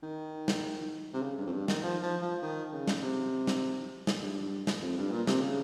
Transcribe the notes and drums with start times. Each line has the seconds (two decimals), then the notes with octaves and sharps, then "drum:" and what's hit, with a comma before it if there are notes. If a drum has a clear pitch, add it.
0.03 D#3
0.48 drum: snare
1.14 C3
1.22 C#3
1.38 G2
1.46 F2
1.53 G2
1.68 D#3, drum: snare
1.83 F3
2.03 F3
2.22 F3
2.42 D#3
2.73 C#3
2.88 drum: snare
3.02 C3
3.47 drum: snare
4.07 drum: snare
4.22 G2
4.67 drum: snare
4.82 F2
4.98 G2
5.12 A#2
5.27 C3, drum: snare
5.41 C#3